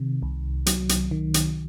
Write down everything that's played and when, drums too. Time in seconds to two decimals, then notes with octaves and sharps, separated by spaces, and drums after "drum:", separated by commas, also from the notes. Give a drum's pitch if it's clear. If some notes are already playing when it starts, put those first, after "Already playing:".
Already playing: C3 D#3
0.23 C2
0.66 F#3, drum: hi-hat
0.89 drum: hi-hat
1.11 D#3
1.34 drum: hi-hat